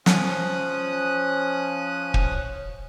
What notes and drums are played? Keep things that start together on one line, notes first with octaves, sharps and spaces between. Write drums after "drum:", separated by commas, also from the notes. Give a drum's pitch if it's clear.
F3 C#4 D#6 F#6, drum: snare
drum: kick